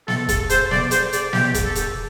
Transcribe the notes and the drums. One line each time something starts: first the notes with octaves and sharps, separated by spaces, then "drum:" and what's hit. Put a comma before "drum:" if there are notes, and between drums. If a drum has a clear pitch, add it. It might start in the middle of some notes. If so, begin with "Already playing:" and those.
A4, drum: snare
A4, drum: kick, hi-hat
C5, drum: hi-hat
D5, drum: snare
C5, drum: hi-hat
D5, drum: hi-hat
G4, drum: snare
drum: kick, hi-hat
A4
drum: hi-hat